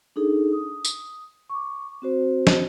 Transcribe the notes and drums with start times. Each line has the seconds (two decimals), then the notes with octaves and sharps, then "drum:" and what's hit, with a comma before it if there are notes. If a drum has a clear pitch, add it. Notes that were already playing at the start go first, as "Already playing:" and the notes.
0.16 D4 D#4 G#4 A4
0.52 D#6
0.85 drum: tambourine
1.50 C#6 D6
2.02 C4 F#4 C5
2.47 drum: snare